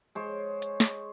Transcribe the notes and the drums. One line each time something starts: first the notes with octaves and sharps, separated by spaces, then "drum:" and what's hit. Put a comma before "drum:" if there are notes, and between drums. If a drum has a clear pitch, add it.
G#3 C5 C#5
drum: hi-hat
drum: snare